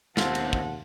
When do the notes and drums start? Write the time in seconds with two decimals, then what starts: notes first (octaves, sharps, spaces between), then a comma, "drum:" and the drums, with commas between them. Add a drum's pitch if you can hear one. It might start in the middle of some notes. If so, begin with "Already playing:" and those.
0.17 D#2 B2 C4 F4 F#5 A5, drum: snare
0.35 drum: cymbal
0.53 drum: kick